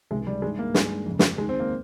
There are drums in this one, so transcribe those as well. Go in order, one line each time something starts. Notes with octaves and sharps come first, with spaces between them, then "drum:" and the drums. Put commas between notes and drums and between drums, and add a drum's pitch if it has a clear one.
C#2 C3 D#3 G#3
G3
G2 D#3 G#3
A#3
G2 D#3 G#3, drum: snare
F2 C#3
drum: snare
D#2 D#3 G#3
C4
A#3